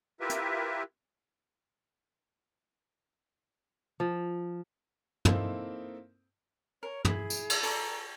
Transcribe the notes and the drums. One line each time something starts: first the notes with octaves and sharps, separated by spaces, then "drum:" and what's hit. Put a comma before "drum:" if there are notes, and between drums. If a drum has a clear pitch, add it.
E4 F4 G4 A#4 B4 E5
drum: hi-hat
F3
A#3 C4 D#4 E4 A4 C5, drum: tom
A#4 C#5
E4 G#4, drum: tom
drum: tambourine
drum: cymbal
A4 D5 A#5 C#6, drum: open hi-hat